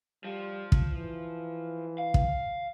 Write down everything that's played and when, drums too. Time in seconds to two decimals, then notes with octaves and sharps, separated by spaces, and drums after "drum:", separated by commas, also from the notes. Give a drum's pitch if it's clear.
0.24 F3 G3
0.72 drum: kick
0.89 E3
1.98 F5
2.14 drum: kick